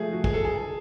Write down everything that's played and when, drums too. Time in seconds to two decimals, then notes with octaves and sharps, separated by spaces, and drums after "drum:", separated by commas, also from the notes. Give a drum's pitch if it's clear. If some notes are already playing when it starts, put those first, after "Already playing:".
Already playing: F3 A3 G#4
0.13 F#4
0.24 G#4, drum: kick
0.34 A4
0.45 G#4
0.56 G#4